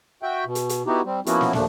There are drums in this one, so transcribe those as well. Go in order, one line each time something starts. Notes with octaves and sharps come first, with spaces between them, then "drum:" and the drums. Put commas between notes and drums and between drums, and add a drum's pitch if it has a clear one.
F#4 E5 G5
B2
drum: hi-hat
drum: hi-hat
B3 D#4 E4 F#4 G4
G3 C4
F3 A#3 B3 C#4 E4 F#4, drum: hi-hat
drum: snare
D#2 A#2 F3 A3 D4, drum: snare